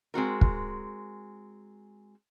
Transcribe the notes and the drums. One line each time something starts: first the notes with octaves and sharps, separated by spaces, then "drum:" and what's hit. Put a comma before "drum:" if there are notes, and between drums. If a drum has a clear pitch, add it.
G#3 C4 F#4 A#4
drum: kick